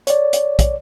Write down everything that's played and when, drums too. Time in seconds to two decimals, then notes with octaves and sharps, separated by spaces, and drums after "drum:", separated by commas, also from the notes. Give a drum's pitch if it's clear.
0.07 C#5 D5, drum: hi-hat
0.33 drum: hi-hat
0.59 drum: kick, hi-hat